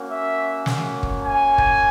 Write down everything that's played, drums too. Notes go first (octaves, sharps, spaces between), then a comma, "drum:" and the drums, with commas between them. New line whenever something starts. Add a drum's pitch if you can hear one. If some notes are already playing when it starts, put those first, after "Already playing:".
Already playing: A#3 C#4 F#4
E5
drum: snare
drum: kick
G#5
drum: kick